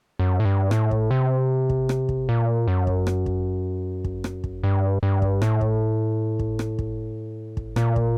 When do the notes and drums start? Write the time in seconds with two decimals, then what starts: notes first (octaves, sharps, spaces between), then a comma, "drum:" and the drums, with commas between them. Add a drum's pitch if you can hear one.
0.19 F#2
0.40 A2
0.45 G2
0.71 A2, drum: rim click
0.91 drum: kick
1.11 C3
1.70 drum: kick
1.89 drum: rim click
2.09 drum: kick
2.29 A#2
2.68 F#2
2.87 drum: kick
3.07 drum: rim click
3.26 drum: kick
4.04 drum: kick
4.24 drum: rim click
4.44 drum: kick
4.64 G2
5.03 G2
5.22 drum: kick
5.42 A2, drum: rim click
5.61 drum: kick
6.39 drum: kick
6.59 drum: rim click
6.79 drum: kick
7.57 drum: kick
7.76 A#2, drum: rim click
7.96 drum: kick